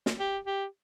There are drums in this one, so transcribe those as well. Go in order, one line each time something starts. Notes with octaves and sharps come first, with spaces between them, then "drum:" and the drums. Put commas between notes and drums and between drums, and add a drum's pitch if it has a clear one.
drum: snare
G4
G4